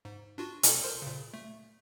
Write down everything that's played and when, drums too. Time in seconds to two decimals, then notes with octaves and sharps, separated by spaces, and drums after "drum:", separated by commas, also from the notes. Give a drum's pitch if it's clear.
0.05 G#2
0.38 D4 F4 F#4
0.63 B2 A4, drum: hi-hat
0.83 A#4 C5 C6
1.02 A#2 C#3
1.34 A3